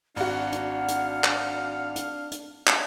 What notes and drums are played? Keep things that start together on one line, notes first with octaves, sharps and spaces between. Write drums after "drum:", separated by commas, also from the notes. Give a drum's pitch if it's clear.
G#1 D4 F#4 F5 F#5, drum: open hi-hat
drum: hi-hat
drum: hi-hat
drum: clap
drum: hi-hat
drum: hi-hat
drum: clap